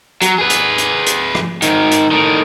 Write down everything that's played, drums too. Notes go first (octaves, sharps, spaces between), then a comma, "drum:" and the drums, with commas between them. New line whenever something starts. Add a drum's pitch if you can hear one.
F#3, drum: hi-hat
G#4 B4
drum: hi-hat
drum: hi-hat
drum: hi-hat
drum: rim click
G#2 D#3, drum: hi-hat
drum: hi-hat
A2 D#3